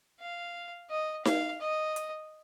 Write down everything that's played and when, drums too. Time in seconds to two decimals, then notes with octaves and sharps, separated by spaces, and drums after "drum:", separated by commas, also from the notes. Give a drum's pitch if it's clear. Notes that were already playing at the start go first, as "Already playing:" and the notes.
0.20 F5
0.90 D#5
1.25 F5, drum: snare D#4
1.61 D#5
1.96 drum: hi-hat